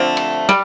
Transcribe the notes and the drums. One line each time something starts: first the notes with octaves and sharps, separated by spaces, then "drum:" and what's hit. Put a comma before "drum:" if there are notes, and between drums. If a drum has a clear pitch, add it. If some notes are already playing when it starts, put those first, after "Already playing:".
Already playing: D3 F3 A3 C4
drum: cymbal
G3, drum: snare